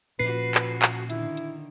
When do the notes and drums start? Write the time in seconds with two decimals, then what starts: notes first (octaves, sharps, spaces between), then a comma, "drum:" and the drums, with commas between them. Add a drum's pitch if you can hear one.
0.19 A#2 F3 A#3 C#4 F#4 B4 C7
0.55 drum: clap
0.82 drum: clap
1.10 D3 D#3 E4, drum: hi-hat
1.37 drum: hi-hat